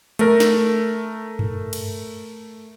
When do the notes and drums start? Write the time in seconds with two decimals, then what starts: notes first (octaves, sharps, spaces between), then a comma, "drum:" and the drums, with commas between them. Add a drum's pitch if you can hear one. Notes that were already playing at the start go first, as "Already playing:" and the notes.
0.19 A3 A#4, drum: hi-hat
0.40 drum: snare
1.39 drum: tom G2
1.73 drum: cymbal